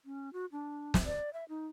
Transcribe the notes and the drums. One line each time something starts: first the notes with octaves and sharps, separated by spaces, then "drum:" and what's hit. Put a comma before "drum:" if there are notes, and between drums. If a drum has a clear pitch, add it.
C#4
F#4
D4
drum: snare
D5
E5
D#4